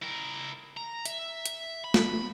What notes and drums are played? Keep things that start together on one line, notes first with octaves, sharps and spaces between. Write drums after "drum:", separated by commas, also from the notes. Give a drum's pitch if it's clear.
E4 A#4
A#5
E5, drum: hi-hat
drum: hi-hat
B5
drum: snare